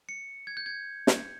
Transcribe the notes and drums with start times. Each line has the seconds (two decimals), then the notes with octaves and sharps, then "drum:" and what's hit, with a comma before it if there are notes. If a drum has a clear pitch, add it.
0.09 C#7
0.47 G#6
0.57 G6
0.66 G#6
1.07 drum: snare